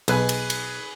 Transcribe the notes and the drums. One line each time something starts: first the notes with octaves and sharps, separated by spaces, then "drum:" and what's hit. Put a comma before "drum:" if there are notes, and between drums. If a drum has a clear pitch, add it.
B1 G#4 B4 G#5, drum: cymbal
drum: cymbal
drum: cymbal